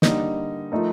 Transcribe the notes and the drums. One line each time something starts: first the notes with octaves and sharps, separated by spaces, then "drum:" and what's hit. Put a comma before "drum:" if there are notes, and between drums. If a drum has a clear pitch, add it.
D3 G3 A#3 D#4, drum: snare
F3 A3 D#4 A#4